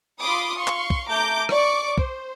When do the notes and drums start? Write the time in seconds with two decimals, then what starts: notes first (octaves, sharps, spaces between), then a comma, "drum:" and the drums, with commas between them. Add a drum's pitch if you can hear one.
0.20 F4 B5 C6 D6 D#6
0.57 F5 C6 C#6
0.67 drum: clap
0.90 drum: kick
1.09 A3 A#5 D6 G6
1.49 D5 C#6 D6, drum: rim click
1.98 C5, drum: kick